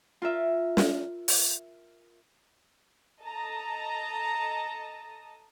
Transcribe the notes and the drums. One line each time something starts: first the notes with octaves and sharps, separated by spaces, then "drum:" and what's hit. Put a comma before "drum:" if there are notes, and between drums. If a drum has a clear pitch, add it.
F4 A#4 E5
drum: snare
drum: open hi-hat
A4 D#5 A5 A#5